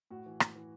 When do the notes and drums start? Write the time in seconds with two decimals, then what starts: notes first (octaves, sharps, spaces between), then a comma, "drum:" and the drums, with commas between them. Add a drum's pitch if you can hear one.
0.10 A2 F#4
0.26 E3
0.40 A2, drum: rim click
0.55 E3